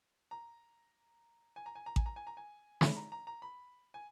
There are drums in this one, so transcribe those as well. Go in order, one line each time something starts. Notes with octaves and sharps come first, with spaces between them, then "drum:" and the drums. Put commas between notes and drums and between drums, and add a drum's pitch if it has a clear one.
A#5
G#5
A#5
G#5
A#5
G#5, drum: kick A1
A#5
G#5
A#5
G#5
B5, drum: snare
A#5
A#5
A#5
B5
G#5